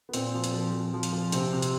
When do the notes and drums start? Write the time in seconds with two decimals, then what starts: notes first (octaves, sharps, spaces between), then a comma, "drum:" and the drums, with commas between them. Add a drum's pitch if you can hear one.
0.09 B3
0.13 A#2 C4, drum: hi-hat
0.34 F3
0.44 drum: hi-hat
0.54 F3
0.73 F3
0.94 F3
1.03 drum: hi-hat
1.13 F3
1.32 C3 C4, drum: hi-hat
1.53 C3
1.62 drum: hi-hat